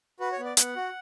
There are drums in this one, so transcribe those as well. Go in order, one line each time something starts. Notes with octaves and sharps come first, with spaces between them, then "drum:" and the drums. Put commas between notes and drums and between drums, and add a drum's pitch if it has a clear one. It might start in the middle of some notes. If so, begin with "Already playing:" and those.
F#4 B4
C#5
B3
D5
B3 F#5, drum: hi-hat
F#4